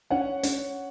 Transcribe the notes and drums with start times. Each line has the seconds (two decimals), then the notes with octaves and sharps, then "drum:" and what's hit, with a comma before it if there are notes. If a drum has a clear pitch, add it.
0.10 C#4 F#5
0.43 C#4, drum: hi-hat